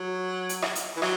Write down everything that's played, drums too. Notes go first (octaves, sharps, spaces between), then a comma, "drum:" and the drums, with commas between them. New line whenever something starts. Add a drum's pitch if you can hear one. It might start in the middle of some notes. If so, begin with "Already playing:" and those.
Already playing: F#3
drum: hi-hat
drum: rim click
drum: hi-hat
E3
F#3, drum: rim click